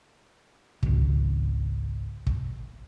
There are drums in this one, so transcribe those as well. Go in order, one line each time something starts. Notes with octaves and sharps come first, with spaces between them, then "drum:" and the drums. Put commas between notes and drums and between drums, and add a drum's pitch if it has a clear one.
G#1 C#2, drum: kick
drum: kick